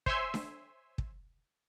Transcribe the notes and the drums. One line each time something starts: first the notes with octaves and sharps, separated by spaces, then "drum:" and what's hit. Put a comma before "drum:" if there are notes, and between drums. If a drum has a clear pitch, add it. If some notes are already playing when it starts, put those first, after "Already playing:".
C5 C#5 E5 G#5 C6 E6, drum: kick
drum: snare D4
drum: kick